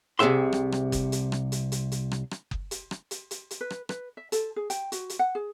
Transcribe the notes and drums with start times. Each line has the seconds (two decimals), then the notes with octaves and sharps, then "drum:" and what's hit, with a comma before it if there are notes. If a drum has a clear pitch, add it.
0.19 C2 C3 C#4 G#4 E5 C6
0.53 drum: rim click
0.72 drum: rim click
0.92 drum: kick F#1, hi-hat
1.12 drum: hi-hat
1.32 drum: rim click
1.52 drum: hi-hat
1.72 drum: hi-hat
1.92 drum: hi-hat
2.11 drum: rim click
2.31 drum: rim click
2.51 drum: kick F#1
2.71 drum: hi-hat
2.91 drum: rim click
3.11 drum: hi-hat
3.31 drum: hi-hat
3.51 drum: hi-hat
3.61 B4
3.70 drum: rim click
3.89 B4, drum: rim click
4.17 E5
4.32 A4, drum: hi-hat
4.56 G#4
4.70 G5, drum: hi-hat
4.92 F#4, drum: hi-hat
5.10 drum: hi-hat
5.19 F#5
5.35 G#4